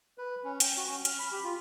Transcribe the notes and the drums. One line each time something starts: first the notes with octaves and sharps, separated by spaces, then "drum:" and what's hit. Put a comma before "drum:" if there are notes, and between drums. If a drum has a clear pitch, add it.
B4
C#4
G5, drum: hi-hat
F#4
C#4
F6, drum: hi-hat
B5
G4
F4